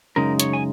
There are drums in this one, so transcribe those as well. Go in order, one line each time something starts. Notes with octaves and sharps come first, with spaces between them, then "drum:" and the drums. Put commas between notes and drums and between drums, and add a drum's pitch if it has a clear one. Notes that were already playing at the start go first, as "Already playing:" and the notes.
F#2 C#3 G#3 D#4 A#4
C#5, drum: hi-hat
G#5